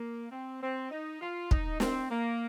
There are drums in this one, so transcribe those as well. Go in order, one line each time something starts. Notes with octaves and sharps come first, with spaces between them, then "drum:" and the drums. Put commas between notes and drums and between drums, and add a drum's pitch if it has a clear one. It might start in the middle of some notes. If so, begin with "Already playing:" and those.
Already playing: A#3
C4
C4
D#4
F4
D#4, drum: kick
C4, drum: snare
A#3